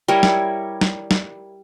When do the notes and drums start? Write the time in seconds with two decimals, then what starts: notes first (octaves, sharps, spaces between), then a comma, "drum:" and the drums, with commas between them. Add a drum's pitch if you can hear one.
0.08 G3 E4 A#4 C#5
0.23 drum: snare
0.81 drum: snare
1.11 drum: snare